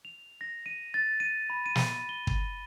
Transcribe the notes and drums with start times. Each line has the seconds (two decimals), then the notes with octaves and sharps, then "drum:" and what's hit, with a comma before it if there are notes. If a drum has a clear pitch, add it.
0.05 F7
0.41 A#6
0.66 D#7
0.94 A6
1.20 D#7
1.50 B5
1.66 D#7
1.75 drum: snare
2.09 G7
2.27 drum: kick